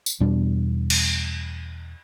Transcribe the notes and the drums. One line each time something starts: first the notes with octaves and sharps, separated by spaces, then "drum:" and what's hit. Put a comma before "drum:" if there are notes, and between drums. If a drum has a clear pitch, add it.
drum: tambourine
E2 B2 G3 D4
drum: cymbal